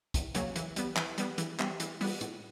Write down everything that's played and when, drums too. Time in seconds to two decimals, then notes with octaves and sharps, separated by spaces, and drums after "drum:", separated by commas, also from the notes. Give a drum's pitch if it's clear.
0.14 E2, drum: kick, hi-hat
0.35 C#3 F#3 A#3, drum: hi-hat
0.56 E3, drum: hi-hat
0.76 G3 B3, drum: hi-hat
0.96 E3, drum: clap
1.18 G3 B3, drum: hi-hat
1.38 E3, drum: hi-hat
1.59 G3 B3, drum: clap
1.80 E3, drum: hi-hat
2.01 G3 B3, drum: open hi-hat
2.21 A2, drum: hi-hat